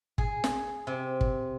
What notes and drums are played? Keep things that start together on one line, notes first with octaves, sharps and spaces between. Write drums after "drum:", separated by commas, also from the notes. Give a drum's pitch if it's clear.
G#4, drum: kick
drum: snare
C3
drum: kick